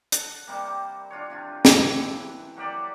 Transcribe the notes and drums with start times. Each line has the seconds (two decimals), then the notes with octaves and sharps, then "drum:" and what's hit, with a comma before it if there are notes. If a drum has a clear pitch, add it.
0.12 F#5 A5, drum: hi-hat
0.47 C3 G3 A#3
1.11 D4 F4 F#4 C#5
1.30 C3 F3 F4
1.65 drum: snare
1.84 E3
2.57 F#3 A#3 G4 D5